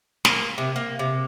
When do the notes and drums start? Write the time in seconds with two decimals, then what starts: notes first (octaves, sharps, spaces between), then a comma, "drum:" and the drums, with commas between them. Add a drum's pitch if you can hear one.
0.25 A#3, drum: snare
0.58 C3
0.76 A#3
0.99 C3